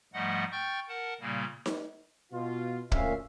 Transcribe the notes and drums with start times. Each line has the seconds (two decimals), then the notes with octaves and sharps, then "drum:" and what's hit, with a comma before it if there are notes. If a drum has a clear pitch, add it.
0.13 G#2 F3 G3 A3 D#5 F#5
0.52 G5 C#6 F6 G6 A6
0.89 A#4 F#5 A5
1.21 A#2 C#3 G3 A#3
1.66 drum: snare D#4
2.32 B2 F4
2.92 D2 A#2 C#4 E5 F5, drum: kick